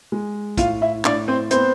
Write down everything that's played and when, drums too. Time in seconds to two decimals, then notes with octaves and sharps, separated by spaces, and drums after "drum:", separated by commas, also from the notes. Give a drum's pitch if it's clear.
0.12 G#3
0.57 A2 F4 F5, drum: kick, hi-hat
0.82 E4 E5
1.05 A2 D4 D5, drum: clap
1.28 C4 C5
1.51 B3 C4 C5, drum: hi-hat